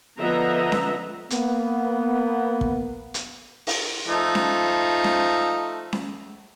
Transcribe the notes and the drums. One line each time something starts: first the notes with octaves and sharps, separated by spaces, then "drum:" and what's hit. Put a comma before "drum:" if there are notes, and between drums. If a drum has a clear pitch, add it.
D3 F3 B3 D#5 E5 A#5
drum: snare C#4
A#3 B3, drum: hi-hat
drum: kick
drum: hi-hat
drum: open hi-hat
F3 A3 D#4
drum: snare C#4
drum: snare C#4
drum: snare C#4